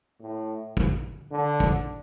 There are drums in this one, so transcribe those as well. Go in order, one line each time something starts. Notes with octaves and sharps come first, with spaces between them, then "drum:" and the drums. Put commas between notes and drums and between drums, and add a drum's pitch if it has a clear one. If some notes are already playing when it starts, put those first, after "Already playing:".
A2
drum: kick
D3
drum: kick